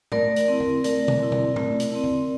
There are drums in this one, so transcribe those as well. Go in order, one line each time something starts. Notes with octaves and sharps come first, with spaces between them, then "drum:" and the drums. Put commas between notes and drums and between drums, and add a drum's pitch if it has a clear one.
A3 A#4 D5, drum: tom G#2
drum: hi-hat
C4 E4
drum: tom E2
A3 A#4 D5, drum: hi-hat
drum: tom B2
C4 E4
drum: tom B2
A3, drum: tom G#2
drum: hi-hat
C4 E4
drum: tom E2